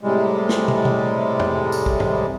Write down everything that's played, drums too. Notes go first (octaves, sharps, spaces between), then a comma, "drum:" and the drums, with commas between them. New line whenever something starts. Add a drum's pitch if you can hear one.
A2 C3 G3 G#3
drum: snare
drum: tom
drum: tom
drum: tom
drum: tambourine
drum: kick
drum: tom